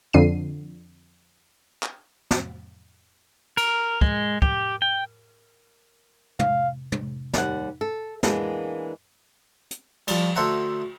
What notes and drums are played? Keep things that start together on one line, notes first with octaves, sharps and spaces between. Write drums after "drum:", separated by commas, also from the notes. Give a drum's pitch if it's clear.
F2 D3 C7 D#7
drum: clap
drum: snare
A#4, drum: cymbal
G#3, drum: kick
G4, drum: kick
G5
F5, drum: tom
drum: tom
D#2 G3 F#5, drum: snare
A4
E3 G#3 A#3 B3 D4, drum: snare
drum: hi-hat
F3 G3, drum: cymbal
D2 A4 C5 E5 F#5 A#5